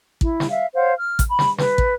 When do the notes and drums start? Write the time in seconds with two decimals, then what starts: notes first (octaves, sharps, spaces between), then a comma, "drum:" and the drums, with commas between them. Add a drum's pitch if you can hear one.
0.21 E4, drum: kick
0.40 drum: snare
0.50 E5 F5
0.75 C5 C#5 F5 F#5
0.97 F6
1.19 drum: kick, hi-hat
1.29 B5
1.39 drum: snare
1.58 B4, drum: snare
1.78 drum: kick